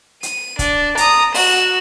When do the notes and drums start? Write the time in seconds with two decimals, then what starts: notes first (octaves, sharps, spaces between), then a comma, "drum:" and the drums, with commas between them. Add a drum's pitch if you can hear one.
0.23 D#7, drum: hi-hat
0.59 D4, drum: kick, hi-hat
0.97 A#5 D#6, drum: hi-hat
1.35 F#4 E7, drum: open hi-hat